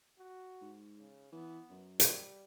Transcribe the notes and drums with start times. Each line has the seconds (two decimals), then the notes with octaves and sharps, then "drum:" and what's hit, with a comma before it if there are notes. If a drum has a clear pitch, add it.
0.18 F#4
0.61 G#2
0.98 C#3
1.33 E3 B3
1.70 F#2
2.00 G3, drum: hi-hat